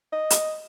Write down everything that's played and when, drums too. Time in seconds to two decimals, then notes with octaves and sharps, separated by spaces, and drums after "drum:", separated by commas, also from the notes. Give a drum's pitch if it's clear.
0.12 D#5
0.30 drum: hi-hat